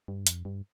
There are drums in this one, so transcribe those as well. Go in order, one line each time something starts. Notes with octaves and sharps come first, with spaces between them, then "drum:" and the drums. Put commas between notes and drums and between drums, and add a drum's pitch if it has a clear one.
G2
F2, drum: hi-hat
G2